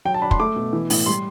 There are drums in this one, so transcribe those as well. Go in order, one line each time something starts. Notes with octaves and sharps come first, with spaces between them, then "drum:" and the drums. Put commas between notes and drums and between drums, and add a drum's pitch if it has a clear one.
F#3 G5
A5
D4 B5
C6, drum: kick
A3 D6
B2
E3
A2, drum: open hi-hat
G3 C6